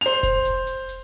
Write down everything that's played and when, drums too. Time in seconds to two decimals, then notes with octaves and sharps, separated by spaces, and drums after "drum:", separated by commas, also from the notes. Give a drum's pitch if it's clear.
0.01 C5 F7, drum: hi-hat
0.23 drum: kick F1, hi-hat
0.45 drum: hi-hat
0.67 drum: hi-hat
0.89 drum: hi-hat